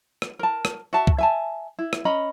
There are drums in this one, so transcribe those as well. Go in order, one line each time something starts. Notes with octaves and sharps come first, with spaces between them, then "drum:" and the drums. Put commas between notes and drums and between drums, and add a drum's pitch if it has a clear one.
drum: rim click
A#4 A5
drum: rim click
F#4 E5 A5
drum: kick C#2
E5 G#5 A5
E4
drum: rim click
C#4 D#5 A#5 B5